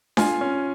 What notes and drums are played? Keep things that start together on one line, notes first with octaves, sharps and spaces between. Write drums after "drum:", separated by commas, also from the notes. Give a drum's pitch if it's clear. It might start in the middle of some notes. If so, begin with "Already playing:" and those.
F4 G#5, drum: snare D4
C#4